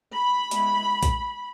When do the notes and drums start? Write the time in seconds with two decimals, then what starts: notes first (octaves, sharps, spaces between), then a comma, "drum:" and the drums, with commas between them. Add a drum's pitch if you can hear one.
0.13 B5
0.51 G#3 B3 E4, drum: hi-hat
1.03 drum: kick B1, hi-hat